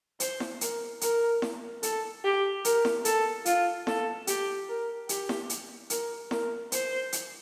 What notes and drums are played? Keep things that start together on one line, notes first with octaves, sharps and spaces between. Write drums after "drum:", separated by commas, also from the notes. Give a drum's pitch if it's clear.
C5, drum: hi-hat
drum: snare E4
A#4, drum: hi-hat
A#4, drum: hi-hat
drum: snare E4
A4, drum: hi-hat
G4
A#4, drum: hi-hat
drum: snare E4
A4, drum: hi-hat
F4, drum: hi-hat
A4, drum: snare E4
G4, drum: hi-hat
A#4
G4, drum: hi-hat
drum: snare E4
drum: hi-hat
A#4, drum: hi-hat
A#4, drum: snare E4
C5, drum: hi-hat
drum: hi-hat